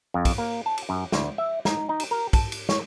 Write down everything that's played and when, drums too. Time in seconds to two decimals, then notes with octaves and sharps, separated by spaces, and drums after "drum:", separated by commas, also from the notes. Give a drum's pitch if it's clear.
0.14 F2
0.25 drum: kick, cymbal
0.38 A#3
0.66 A5
0.77 drum: cymbal
0.89 F#2
1.12 D2, drum: snare
1.38 E5
1.65 D#4, drum: snare
1.89 D#4
2.00 drum: cymbal
2.11 A#4
2.33 A5, drum: kick, cymbal
2.52 drum: cymbal
2.69 C#5, drum: snare